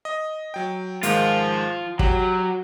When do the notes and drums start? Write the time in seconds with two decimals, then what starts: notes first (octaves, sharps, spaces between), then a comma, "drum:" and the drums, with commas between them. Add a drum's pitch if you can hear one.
0.05 D#5
0.54 F#3 G5
1.03 G#2 D#3 F3 G#3 F4, drum: hi-hat
1.99 F#3 G4, drum: kick